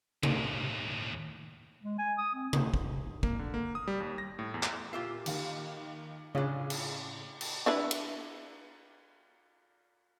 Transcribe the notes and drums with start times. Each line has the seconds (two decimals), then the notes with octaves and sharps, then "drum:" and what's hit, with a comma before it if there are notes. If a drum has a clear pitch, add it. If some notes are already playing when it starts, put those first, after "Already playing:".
0.23 D#2 A2, drum: tom
1.83 G#3
1.99 G#5
2.18 D#6
2.35 C4
2.53 drum: tom
2.74 drum: kick
3.23 A#3, drum: kick
3.39 D3
3.54 A#3
3.75 D#6
3.88 G3
4.00 D#2
4.18 A#6
4.39 A2
4.54 E2
4.63 drum: clap
4.93 A#2 F4 G4 E5 D6 C7
5.26 D#2 D#3 F5, drum: cymbal
6.35 A2 C#3 C#4 D4 F4 G#4
6.70 drum: cymbal
7.41 drum: cymbal
7.66 D4 E4 B4
7.91 drum: cymbal